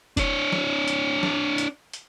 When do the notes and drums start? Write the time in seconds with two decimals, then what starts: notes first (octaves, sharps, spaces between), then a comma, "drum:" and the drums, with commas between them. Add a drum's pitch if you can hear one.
0.17 D4 C#5, drum: kick F1, hi-hat
0.52 drum: snare
0.88 drum: hi-hat
1.23 drum: snare
1.58 drum: hi-hat
1.93 drum: hi-hat